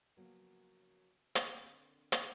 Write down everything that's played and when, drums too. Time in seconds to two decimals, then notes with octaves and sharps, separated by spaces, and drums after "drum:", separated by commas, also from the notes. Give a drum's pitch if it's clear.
0.17 C#3 F3 F#3 A#3 B3
1.35 D3 A#3 C4, drum: hi-hat
2.12 drum: hi-hat